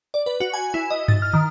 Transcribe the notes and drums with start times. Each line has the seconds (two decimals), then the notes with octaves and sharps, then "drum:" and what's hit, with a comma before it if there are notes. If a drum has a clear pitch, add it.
0.14 D5
0.26 B4
0.40 F#4
0.53 G#5
0.74 E4
0.90 D#5
1.08 A6, drum: tom G2
1.22 F6
1.33 D#3